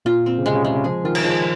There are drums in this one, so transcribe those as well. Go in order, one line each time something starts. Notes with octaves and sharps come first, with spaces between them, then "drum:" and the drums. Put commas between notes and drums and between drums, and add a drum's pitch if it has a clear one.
A#2 F4
C4
C#3
C3 G#3
C#3
C3 G#3
C#3
F3 G#4
D#3 F4
drum: cymbal
F3 G#3